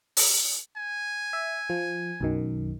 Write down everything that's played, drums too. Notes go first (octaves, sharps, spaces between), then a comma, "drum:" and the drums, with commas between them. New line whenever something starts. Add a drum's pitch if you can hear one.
drum: open hi-hat
G#5
E5
F3
B1 F#2 D#3